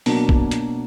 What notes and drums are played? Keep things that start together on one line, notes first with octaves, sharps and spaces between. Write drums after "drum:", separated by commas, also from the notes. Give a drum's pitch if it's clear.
B2 F#3 A#3 D4, drum: open hi-hat
drum: kick
drum: hi-hat